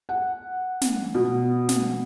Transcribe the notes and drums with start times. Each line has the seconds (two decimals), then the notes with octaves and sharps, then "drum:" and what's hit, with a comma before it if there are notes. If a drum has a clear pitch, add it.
0.09 F#5
0.81 drum: snare
1.15 B2
1.69 drum: snare